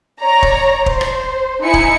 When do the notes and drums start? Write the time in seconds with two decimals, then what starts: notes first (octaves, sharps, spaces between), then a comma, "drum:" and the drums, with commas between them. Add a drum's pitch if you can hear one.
0.20 C#5 D5 A#5
0.43 drum: kick
0.86 C5, drum: kick
1.01 drum: rim click
1.62 D#4 E4 G#5 C#7
1.74 drum: kick